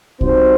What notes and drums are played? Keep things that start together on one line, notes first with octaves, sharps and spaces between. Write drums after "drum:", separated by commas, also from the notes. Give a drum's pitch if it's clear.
G3 C4 D#4 F#4 C5, drum: kick